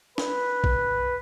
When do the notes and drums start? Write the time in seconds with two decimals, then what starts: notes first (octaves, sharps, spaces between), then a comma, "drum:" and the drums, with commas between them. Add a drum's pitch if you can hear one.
0.18 B4, drum: snare D4
0.64 drum: kick A#1